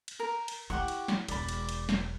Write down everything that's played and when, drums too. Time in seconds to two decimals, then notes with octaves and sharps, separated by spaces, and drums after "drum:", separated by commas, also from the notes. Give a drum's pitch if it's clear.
0.08 drum: cymbal
0.19 A#4
0.48 drum: cymbal
0.70 E4 G4 F#5 C#6
0.88 drum: cymbal
1.08 drum: snare
1.28 E1 D5 B5, drum: cymbal
1.49 drum: cymbal
1.69 drum: cymbal
1.89 drum: snare